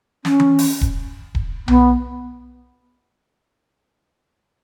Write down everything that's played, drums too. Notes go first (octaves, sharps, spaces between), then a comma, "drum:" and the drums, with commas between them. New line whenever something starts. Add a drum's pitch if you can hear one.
C#4, drum: snare
drum: tom E3
drum: open hi-hat
drum: kick D#1
drum: kick D#1
B3, drum: tom B1